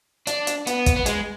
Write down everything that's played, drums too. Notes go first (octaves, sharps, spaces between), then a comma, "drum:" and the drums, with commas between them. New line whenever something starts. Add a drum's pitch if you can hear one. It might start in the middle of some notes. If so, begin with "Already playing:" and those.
D4, drum: hi-hat
drum: hi-hat
B3, drum: hi-hat
drum: kick, hi-hat
B3
G#3, drum: hi-hat